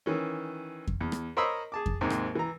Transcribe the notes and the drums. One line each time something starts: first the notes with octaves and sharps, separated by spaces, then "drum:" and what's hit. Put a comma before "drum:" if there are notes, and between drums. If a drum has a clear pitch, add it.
D#3 E3 C#4
drum: kick F2
E2
drum: rim click
A#4 C5 C#5 D#5 B5 E6
G#4 A5 D6
drum: kick F2
D#2 G#2 C3
drum: rim click
E3 A#5